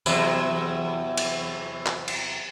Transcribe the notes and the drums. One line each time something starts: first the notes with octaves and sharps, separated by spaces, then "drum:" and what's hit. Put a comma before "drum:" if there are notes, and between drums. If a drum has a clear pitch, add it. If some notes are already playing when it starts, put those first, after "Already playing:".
E2 C3 F#3, drum: tambourine
drum: cymbal
drum: clap
drum: cymbal